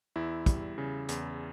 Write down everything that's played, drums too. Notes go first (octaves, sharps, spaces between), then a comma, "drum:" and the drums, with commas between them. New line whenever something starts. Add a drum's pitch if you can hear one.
E2 E4
G3, drum: kick, hi-hat
C#3
E2, drum: hi-hat